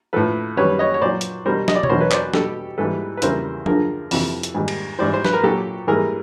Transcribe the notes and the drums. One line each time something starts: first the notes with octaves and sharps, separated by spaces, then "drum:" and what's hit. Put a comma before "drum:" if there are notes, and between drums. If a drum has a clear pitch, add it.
A2 F3 A4 B4
F#2 D#3 G3 B4 C#5
C#5 D#5
C#5
A#2 F#3 C5 D5
drum: hi-hat
B2 G3 A#4 C5
D#5, drum: snare
D5
C#5, drum: tom B2
E2 B2 F#3 A#4 C5
B4 C#5
C5 D5, drum: clap
B2 G3 G4 A4, drum: snare
G#2 E3 G3 A4 B4
B4
E2 C#3 E3 G3 A#4 C5, drum: hi-hat
G2 D3 F3 G#4 A#4, drum: tom
F2 C3 E3, drum: open hi-hat
drum: hi-hat
G#2 D#3 G3
drum: cymbal
G#2 E3 G3 C5 D5
C5
B4, drum: snare
A#4
A#2 F#3 G4 A4
G#2 E3 G3 G#4 A#4